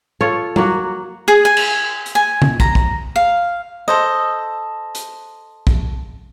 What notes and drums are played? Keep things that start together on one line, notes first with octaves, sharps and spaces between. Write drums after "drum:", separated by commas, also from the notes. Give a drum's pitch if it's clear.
F4 A4 C#5
F#3 A#3 F#4, drum: tom G3
G#4
G#5
drum: cymbal
drum: hi-hat
G#5
drum: tom C#3
A#5, drum: kick
drum: kick
F5
A4 C5 D#5
drum: hi-hat
drum: kick